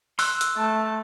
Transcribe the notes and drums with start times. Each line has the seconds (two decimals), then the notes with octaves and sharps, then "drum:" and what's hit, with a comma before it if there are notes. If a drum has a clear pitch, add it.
0.19 C6 E6 F#6, drum: open hi-hat
0.41 drum: hi-hat
0.57 A3 A5